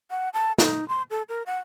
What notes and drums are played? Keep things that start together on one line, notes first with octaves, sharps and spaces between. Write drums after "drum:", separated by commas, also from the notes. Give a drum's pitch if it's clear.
F#5
A5
D#4, drum: snare
C6
A4
A#4
F#5